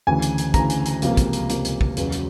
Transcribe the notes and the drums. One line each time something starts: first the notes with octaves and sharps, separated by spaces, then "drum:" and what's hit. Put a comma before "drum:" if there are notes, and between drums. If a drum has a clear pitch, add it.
D2 C#3 E3 G#5
drum: hi-hat
drum: hi-hat
D2 C#3 E3 A#5, drum: kick, hi-hat
drum: hi-hat
drum: hi-hat
C#2 C3 F3 A#3, drum: hi-hat
drum: kick, hi-hat
drum: hi-hat
C#2 C3 F3 A#3, drum: hi-hat
drum: hi-hat
drum: kick
E1 E2 C#3 F#3, drum: hi-hat
drum: hi-hat